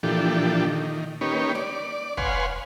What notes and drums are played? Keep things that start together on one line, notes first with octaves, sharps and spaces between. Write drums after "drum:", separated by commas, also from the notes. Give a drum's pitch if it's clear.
A#2 E3 F3 D4 G4 A4
D#3
A#3 C#4 D#4 G4 B4 C#5
D5, drum: snare
B4 C#5 F5 F#5 G#5 C6, drum: kick